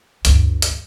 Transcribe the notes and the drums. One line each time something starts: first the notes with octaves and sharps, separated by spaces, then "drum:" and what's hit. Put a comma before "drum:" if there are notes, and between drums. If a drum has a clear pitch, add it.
G1 D2, drum: hi-hat
drum: hi-hat